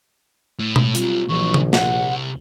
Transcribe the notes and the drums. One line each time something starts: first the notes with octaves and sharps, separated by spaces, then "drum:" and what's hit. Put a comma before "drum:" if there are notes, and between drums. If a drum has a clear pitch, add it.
A2
drum: tom B2
B1 G3 C4 F4, drum: hi-hat
A#1 E3 F#3 C#6
drum: tom C#3
C2 F#5, drum: snare